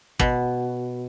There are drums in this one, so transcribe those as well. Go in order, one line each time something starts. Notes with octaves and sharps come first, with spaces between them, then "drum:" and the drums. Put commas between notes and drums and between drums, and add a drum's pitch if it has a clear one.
B2, drum: kick